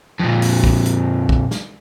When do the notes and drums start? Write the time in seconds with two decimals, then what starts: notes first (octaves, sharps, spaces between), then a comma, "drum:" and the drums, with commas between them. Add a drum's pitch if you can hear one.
0.20 F2 A#2
0.42 drum: open hi-hat
0.64 drum: kick
0.86 drum: hi-hat
1.29 drum: kick
1.51 drum: snare